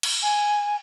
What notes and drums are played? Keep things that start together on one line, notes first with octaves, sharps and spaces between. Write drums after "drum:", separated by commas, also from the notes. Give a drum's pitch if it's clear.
drum: cymbal
G#5